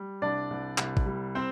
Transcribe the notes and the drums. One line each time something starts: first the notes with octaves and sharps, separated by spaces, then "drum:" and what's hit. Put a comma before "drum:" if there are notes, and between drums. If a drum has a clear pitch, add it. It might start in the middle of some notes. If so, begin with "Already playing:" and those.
Already playing: G3
C2 D4 D5
C2
C2, drum: clap
drum: kick A1
G3
C4 C5